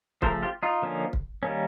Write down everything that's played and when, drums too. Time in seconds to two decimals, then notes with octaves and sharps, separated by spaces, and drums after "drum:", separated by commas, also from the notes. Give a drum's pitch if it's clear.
0.22 C#3 F3 A3 A#4 C5, drum: kick
0.43 F4 G4
0.63 D#4 F4
0.82 D3 F3 A#3 C#4
1.13 drum: kick
1.43 D#3 G3 A#3 C#4